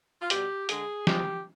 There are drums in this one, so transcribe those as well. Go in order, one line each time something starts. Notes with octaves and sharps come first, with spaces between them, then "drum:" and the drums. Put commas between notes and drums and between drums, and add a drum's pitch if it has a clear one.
F4
B2 G3 G4, drum: hi-hat
D3 G#3 G#4, drum: hi-hat
C3 F3 G#3 G4, drum: snare